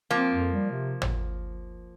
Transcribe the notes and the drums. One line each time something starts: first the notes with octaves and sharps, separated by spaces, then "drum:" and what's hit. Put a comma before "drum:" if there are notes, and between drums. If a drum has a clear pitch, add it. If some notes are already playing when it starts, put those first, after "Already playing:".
F3 A#3 C4
F2
G3
C3
drum: tom